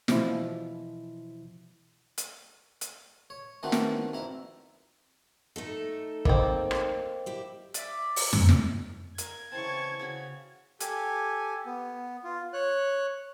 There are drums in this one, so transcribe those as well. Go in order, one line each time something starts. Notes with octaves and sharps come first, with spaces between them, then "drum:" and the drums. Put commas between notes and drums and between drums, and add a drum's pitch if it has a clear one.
B2 E3 F3 E4, drum: snare
drum: hi-hat
drum: hi-hat
C#5
D#3 E3 A3 C4 D4 F#4
drum: snare
F2 E4 A#5
A3 D#4 A4
A#3 C4 A#4 D#5 G5, drum: kick
drum: rim click
E4 G4
D5 E5, drum: hi-hat
drum: open hi-hat
drum: tom F2
drum: snare
A#4 F5 G#6, drum: hi-hat
C#3 E3 C4 A5 C#6
C#3 F#4 B5
G4 A4 G#5, drum: hi-hat
B3
F4
C#5 F#6